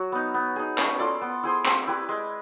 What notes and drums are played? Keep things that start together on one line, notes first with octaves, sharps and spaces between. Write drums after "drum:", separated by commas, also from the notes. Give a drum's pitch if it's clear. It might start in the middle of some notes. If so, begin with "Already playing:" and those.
Already playing: F#3 F#4
B3 D#4
B3
D#4 G#4
C#4, drum: clap
F4 A4 D5
B3
E4 G#4 C5
C4, drum: clap
E4 G4 B4
G#3